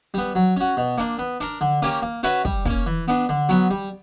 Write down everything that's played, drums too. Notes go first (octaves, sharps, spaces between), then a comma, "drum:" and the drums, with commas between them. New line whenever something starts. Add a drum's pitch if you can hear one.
G3 B3
F#3
C#4 F#4
B2
A#3 D4, drum: hi-hat
B3
D4 A#4, drum: hi-hat
D3
A#3 C#4 G4 A#4, drum: open hi-hat
A#3
C#4 F#4 B4 E5, drum: hi-hat
G3, drum: kick
A#3 C#4, drum: kick, hi-hat
E3
B3 D4, drum: hi-hat
D3
F#3 B3, drum: hi-hat
G3